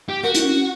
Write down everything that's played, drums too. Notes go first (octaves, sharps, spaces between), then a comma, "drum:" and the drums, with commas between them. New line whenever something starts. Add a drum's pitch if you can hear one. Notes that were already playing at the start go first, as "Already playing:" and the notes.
G4
F#4 A#4
E4, drum: hi-hat
C#4
C#4